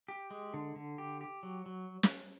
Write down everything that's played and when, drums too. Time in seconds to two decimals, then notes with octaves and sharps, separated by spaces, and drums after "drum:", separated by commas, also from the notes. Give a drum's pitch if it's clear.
0.08 G4
0.31 G#3
0.54 D3
0.76 D3
0.98 G4
1.21 G4
1.43 F#3
1.66 F#3
2.03 drum: snare